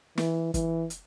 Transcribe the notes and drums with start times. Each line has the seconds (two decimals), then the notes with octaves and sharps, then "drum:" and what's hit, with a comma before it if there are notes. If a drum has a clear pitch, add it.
0.18 E3, drum: snare
0.54 E3, drum: kick, hi-hat
0.90 drum: hi-hat